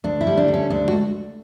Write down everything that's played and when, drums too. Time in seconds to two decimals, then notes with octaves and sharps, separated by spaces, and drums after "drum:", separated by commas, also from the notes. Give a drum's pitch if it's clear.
0.04 D2 D4
0.21 E4
0.27 G3
0.37 D4
0.48 D3
0.54 C#4
0.70 D2 D4
0.88 F#4, drum: tom G#3